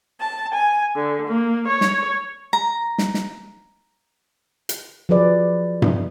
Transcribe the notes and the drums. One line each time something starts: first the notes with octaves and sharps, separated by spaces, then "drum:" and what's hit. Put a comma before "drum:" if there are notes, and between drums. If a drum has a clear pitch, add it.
A5
G#5
D3
A#3
C#5
drum: snare
A#5
drum: snare
drum: snare
drum: hi-hat
F3 F#3 G#4 B4 D5
drum: tom G2